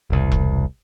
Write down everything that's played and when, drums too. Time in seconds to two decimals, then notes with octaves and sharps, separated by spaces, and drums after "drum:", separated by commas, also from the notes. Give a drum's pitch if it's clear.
0.10 E1 C2
0.32 drum: kick E1